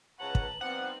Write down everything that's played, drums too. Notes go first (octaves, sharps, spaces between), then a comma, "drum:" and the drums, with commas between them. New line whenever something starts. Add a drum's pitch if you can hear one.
C#2 B4 C#5 F#5 A5 A#5 F#7
drum: kick
F3 G3 B3 C4 D#4 F#5